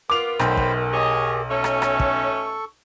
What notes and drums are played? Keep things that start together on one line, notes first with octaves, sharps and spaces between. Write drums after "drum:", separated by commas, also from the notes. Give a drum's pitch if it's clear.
B3 F4 A#4 D6 F7
B1 F#2 B2 C5 G5 B5, drum: rim click
drum: kick
G4 G#4 C#5 D#5
B2 A3 C#4 A4 C#5 C#6
drum: rim click
drum: rim click
drum: kick